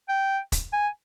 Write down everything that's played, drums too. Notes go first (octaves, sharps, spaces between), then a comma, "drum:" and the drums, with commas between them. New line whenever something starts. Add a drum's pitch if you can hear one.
G5
drum: kick, hi-hat
G#5